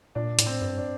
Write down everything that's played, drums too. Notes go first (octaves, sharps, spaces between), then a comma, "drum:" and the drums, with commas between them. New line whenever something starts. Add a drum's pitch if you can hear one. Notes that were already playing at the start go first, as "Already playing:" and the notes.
A#2 D4
A2, drum: hi-hat
C4
G2
D4